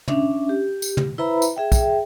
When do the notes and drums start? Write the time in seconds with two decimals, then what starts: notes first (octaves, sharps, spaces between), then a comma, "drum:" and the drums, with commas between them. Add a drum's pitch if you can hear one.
0.08 C#4 D4 E5, drum: tom
0.49 G4
0.82 drum: tambourine
0.97 drum: tom
1.18 E4 B4 C5 E5 A#5 B5
1.42 drum: tambourine
1.56 G#4 E5 G5
1.72 drum: kick, tambourine